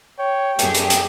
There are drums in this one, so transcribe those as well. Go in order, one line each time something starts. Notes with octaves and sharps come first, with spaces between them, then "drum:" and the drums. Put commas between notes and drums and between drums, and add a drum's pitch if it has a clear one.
C#5 G5
F#2 A3 G4 G#4, drum: hi-hat
drum: hi-hat
drum: hi-hat